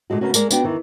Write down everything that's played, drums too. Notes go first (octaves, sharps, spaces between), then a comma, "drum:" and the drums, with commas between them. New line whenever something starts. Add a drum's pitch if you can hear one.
A#2 D3 G#3 F#4
C#3 A#3 B3 C#4 F#4
G#3 A#3 A#4 D5, drum: tambourine
B3 D4 F#4 G5, drum: tambourine
E2 D#3 E3